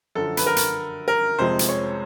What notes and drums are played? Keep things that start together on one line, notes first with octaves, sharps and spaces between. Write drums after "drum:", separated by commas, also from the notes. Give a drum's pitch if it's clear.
F#2 D3 F3 A4
B4, drum: hi-hat
A#4
drum: hi-hat
A#4
F2 C3 F3 G#3 C5
drum: hi-hat
C#5